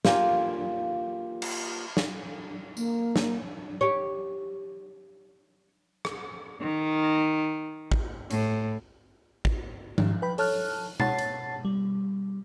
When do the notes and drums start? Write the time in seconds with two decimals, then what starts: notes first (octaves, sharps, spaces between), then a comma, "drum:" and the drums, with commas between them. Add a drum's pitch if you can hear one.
0.05 A#3 F4 G4 G#5, drum: snare
1.42 drum: cymbal
1.97 drum: snare
2.77 A#3, drum: tambourine
3.16 drum: snare
3.81 G4 C#5
6.05 drum: rim click
6.61 D#3
7.92 drum: kick
8.31 A2, drum: hi-hat
9.45 drum: kick
9.98 G#2 D#3, drum: tom F3
10.22 B4 G5 B5
10.38 A4 C#5 A5 F6 F#6, drum: open hi-hat
11.00 C#5 F#5 A5 A6 C7, drum: tom B2
11.19 drum: hi-hat
11.65 G3